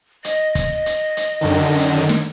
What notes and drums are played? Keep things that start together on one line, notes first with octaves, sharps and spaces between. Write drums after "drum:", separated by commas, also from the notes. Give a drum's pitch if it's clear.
D#5, drum: hi-hat
drum: kick, hi-hat
drum: hi-hat
drum: hi-hat
F#2 D3 D#3
drum: hi-hat
drum: snare